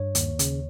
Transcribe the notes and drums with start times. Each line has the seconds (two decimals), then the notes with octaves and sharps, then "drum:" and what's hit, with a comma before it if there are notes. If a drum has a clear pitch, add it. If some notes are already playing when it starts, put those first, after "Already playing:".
Already playing: G2 C#5
0.15 D#2, drum: hi-hat
0.39 C#3, drum: hi-hat